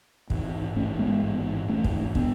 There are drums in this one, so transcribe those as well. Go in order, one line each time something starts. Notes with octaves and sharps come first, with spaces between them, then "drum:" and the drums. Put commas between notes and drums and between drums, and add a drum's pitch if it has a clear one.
A1 G#2, drum: kick
A1 G#2 A3 C#4
G#3 B3
A1 G#2
A1 G#2 A3 C#4
drum: kick
B2 B3 D4, drum: kick